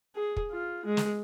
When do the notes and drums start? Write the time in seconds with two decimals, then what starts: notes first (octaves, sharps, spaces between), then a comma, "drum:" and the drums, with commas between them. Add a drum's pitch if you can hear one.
0.16 G#4
0.37 drum: kick
0.52 F4
0.86 G#3
0.97 drum: snare